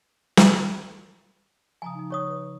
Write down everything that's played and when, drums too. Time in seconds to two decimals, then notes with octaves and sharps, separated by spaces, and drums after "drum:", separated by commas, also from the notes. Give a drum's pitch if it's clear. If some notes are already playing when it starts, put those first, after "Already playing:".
0.37 drum: snare
1.82 C#3 F3 G#5 A#5 D#6
1.95 F3 D#4
2.10 C#4 C#5 C#6 D#6
2.28 B4